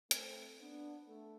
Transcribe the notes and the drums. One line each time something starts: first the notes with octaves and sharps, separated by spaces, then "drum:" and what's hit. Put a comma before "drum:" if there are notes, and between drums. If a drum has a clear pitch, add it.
A3 C4, drum: hi-hat
B3 D4
A3